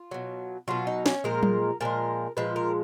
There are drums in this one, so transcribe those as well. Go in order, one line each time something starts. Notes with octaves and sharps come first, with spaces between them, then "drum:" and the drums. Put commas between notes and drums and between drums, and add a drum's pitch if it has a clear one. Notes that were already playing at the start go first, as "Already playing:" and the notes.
Already playing: F4
B2 F#3
B2 F#3 F4
D#4
C#4, drum: snare
A#2 F3 G#3 A#4
drum: tom F#3
A#2 F3 G#3 A#4
A#2 F3 G#3 B4
A#4